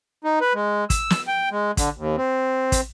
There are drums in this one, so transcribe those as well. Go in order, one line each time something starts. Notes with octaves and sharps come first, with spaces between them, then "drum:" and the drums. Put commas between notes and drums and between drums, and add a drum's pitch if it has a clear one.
D#4
B4
G#3
E6, drum: kick, hi-hat
drum: snare
G5
G#3
D3, drum: kick, hi-hat
D#2
C4
drum: kick, hi-hat